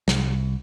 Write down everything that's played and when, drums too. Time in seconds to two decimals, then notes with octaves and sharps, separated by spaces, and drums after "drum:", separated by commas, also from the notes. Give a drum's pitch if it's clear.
0.08 C2, drum: snare